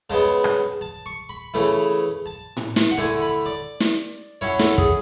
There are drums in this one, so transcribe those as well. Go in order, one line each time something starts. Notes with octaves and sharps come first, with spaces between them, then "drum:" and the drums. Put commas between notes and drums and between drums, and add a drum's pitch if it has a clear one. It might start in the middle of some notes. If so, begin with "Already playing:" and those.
C#3 G#3 B3 A5
drum: rim click
A5
C#6
B5
C#3 E3 A3 E4
A5
drum: tom A2
drum: snare
F#5
D3 A3 E4 G#5
B5
D5
drum: snare
F#3 C#4 E4 C#5
A4, drum: snare
G#4, drum: kick